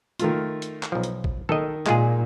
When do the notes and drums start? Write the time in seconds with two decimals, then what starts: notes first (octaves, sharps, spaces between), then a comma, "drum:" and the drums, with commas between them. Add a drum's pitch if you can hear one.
0.19 D#3 A3 F4, drum: hi-hat
0.62 drum: hi-hat
0.83 drum: clap
0.92 B1 F3
1.03 drum: hi-hat
1.24 drum: kick
1.49 D#3 A4 D#5
1.86 A#2 G#3 F4 G#4, drum: clap